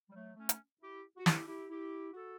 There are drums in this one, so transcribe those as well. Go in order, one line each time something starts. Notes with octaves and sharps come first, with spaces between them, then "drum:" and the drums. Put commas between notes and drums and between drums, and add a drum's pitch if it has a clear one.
G3
F#3 A3
A3 C#4
drum: hi-hat
E4 G4
F#4
E4 G4, drum: snare
E4 G4
E4 G4
F#4 A4